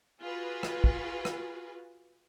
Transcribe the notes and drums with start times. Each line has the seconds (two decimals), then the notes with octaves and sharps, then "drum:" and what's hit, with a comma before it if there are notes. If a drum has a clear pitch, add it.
0.22 F4 F#4 G#4 B4
0.63 drum: rim click
0.84 drum: kick
1.25 drum: rim click